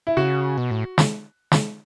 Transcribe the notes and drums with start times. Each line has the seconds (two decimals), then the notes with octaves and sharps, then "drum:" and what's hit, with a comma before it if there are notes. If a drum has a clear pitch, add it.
0.07 E4
0.17 C#3 F#4
0.58 B2
0.71 A2
0.98 drum: snare
1.52 drum: snare